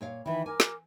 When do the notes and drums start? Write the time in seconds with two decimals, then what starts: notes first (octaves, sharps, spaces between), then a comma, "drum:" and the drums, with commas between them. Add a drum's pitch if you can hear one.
0.01 A#2 C#5 F5
0.26 D#3 E3 E5 B5
0.46 A#4 G#5 D6
0.60 drum: snare